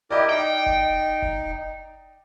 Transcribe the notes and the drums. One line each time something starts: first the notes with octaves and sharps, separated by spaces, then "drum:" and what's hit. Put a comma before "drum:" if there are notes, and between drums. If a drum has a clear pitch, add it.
E4 G4 A#4 D5 D#5 D6
D#4 G5
drum: kick
drum: kick